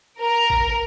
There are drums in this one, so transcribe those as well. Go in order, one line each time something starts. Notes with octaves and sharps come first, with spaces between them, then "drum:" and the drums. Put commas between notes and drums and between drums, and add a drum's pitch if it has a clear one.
A#4
drum: kick